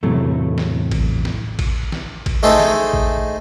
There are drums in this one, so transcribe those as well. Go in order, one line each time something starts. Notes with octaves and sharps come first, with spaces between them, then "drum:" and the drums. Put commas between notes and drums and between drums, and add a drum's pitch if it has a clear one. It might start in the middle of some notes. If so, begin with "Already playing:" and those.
E2 A2 C3 F#3 A3
drum: snare
drum: kick A1, cymbal
drum: snare
drum: kick A1, cymbal
drum: snare
drum: kick A1, cymbal
A3 D#4 G#4 A4 C5
drum: snare
drum: kick A1